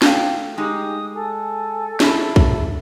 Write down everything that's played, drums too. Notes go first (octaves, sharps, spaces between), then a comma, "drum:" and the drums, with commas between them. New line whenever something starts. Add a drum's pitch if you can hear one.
A3 F5 G5, drum: snare
G#3 D#4 G4 D#6
A4 G#5
E4 G#4 E5, drum: snare
drum: kick